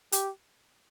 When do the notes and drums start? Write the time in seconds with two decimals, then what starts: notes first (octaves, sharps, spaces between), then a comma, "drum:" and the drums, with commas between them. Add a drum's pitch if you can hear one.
0.12 G4, drum: hi-hat